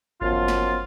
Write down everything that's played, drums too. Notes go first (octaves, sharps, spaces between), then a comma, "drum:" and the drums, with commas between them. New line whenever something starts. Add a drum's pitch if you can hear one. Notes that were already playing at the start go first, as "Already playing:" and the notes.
F#2 F3 B3 F4, drum: kick G#1
drum: snare